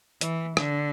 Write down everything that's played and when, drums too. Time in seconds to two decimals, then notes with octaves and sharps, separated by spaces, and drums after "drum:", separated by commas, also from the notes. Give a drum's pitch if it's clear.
0.21 E3, drum: hi-hat
0.57 D3, drum: rim click